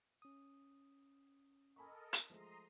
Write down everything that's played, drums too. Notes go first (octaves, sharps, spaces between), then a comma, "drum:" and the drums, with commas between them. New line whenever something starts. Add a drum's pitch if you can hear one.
C#4 D#6
A4 A#4 D#5 G#5 B5 C#6
drum: hi-hat
F3 G#3 A3 A#5 C6 D#6